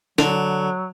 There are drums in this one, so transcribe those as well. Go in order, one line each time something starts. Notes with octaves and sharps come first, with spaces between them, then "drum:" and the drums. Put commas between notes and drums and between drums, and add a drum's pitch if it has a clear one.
D3 F#3, drum: snare